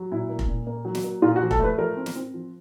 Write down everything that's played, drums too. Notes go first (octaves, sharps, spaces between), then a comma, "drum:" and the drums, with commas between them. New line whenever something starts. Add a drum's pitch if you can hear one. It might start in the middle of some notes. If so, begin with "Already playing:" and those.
Already playing: F#3
A#2 E4
A#3
drum: kick F1
A#2
A#3
F#3
drum: snare
A#3
A#2 F4
F#4
F3
A4, drum: kick F1
A3 B4
F3 A#4
C4
drum: snare
C4
F3